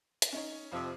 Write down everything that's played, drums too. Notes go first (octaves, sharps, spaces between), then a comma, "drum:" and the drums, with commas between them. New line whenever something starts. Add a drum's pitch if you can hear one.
drum: hi-hat
C#4 D#4 C#5
F2 C3 F3